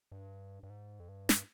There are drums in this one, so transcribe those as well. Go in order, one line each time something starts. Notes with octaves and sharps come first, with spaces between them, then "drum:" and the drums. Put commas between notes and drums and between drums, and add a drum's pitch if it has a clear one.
G2
G2
G#2
F2
G2
drum: snare